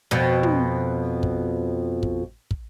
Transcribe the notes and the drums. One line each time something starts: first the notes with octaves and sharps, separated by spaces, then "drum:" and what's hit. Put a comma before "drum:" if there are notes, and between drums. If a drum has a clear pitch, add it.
F2 B2
drum: tom
drum: kick
drum: kick
drum: kick